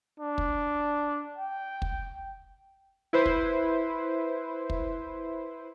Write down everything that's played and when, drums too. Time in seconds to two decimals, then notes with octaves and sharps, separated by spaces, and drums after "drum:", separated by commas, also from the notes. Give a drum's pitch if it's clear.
0.20 D4
0.38 drum: kick
1.37 G5
1.82 drum: kick
3.13 E4 B4 C5
3.26 drum: kick
4.70 drum: kick